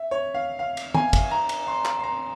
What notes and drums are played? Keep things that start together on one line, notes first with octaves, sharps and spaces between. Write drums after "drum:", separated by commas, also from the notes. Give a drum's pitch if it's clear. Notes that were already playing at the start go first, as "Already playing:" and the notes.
Already playing: E5
C#5
F5
F5
drum: cymbal
G#5, drum: tom
drum: kick, cymbal
A#5
drum: cymbal
C6
drum: clap
C6
A#5